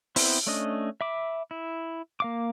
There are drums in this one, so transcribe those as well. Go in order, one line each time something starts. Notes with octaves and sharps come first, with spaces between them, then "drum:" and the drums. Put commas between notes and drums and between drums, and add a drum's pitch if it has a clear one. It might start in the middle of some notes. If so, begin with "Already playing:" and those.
B3 C4 E4 C5, drum: open hi-hat
A3 C#4 D4 D#5
E5 B5 D6
E4
A#3 F5 D6